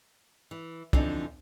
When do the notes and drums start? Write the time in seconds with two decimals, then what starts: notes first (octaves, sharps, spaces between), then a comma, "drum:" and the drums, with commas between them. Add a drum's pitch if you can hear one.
0.51 E3
0.93 D3 E3 F3 C4 D4 D#4, drum: kick